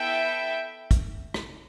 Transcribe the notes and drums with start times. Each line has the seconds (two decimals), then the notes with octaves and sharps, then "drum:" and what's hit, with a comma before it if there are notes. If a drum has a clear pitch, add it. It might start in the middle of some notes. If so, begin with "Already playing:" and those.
Already playing: B3 E4 A4 E5 G5
0.91 drum: kick, hi-hat
1.34 drum: rim click